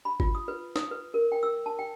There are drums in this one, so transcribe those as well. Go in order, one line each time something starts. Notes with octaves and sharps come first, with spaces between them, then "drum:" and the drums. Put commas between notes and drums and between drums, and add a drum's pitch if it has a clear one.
B5
F4, drum: kick G#1
D#6
B4
D#6, drum: snare
B4
A#4
G5
E6
A5
G5